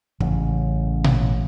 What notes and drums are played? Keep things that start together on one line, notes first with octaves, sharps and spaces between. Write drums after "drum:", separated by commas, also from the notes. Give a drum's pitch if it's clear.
A1 C#3, drum: kick
drum: tom A#2